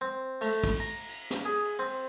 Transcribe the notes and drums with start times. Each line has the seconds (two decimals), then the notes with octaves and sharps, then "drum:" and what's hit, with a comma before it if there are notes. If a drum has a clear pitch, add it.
0.01 C4
0.41 A3, drum: cymbal
0.64 drum: kick, cymbal
0.80 A#5
1.08 drum: cymbal
1.30 drum: snare
1.45 G#4
1.79 C4